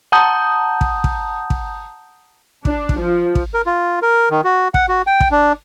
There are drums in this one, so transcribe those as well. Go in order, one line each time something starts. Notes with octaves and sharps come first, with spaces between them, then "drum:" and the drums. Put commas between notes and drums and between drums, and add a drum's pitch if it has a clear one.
F#5 A5 A#5 D#6 G6
drum: kick
drum: kick
drum: kick
D4, drum: kick
drum: kick
F3
drum: kick
A#4
F4
A#4
D#3
F#4
F#5, drum: kick
F#4
G5
drum: kick
D4